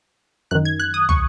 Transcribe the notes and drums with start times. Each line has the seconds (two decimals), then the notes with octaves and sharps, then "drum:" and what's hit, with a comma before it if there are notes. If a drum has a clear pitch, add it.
0.51 F#2 D#3 F#6
0.65 G#6
0.80 F#6
0.94 D#6
1.09 C#6, drum: tom